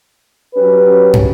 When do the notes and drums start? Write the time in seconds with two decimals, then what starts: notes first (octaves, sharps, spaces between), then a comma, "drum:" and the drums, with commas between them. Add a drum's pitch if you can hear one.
0.55 F#3 C#4 G4 B4
1.14 drum: tom